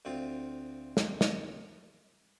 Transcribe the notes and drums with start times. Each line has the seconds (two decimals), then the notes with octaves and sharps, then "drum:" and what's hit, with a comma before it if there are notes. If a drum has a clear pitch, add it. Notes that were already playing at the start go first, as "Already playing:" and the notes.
0.05 D2 C4 F4
0.97 drum: snare
1.21 drum: snare